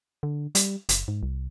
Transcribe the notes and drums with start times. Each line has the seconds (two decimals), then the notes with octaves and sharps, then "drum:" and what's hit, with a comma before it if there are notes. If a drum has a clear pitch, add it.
0.23 D3
0.55 G3, drum: hi-hat
0.89 F#1, drum: hi-hat
1.08 G#2
1.23 C2